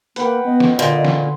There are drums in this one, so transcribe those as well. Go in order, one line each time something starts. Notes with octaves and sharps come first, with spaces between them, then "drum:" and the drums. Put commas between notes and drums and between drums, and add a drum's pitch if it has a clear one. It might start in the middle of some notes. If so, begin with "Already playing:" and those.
A#3 B4 F#5 G5, drum: hi-hat
B3 D#5
drum: snare
A#2 D3 G#5 C6
drum: snare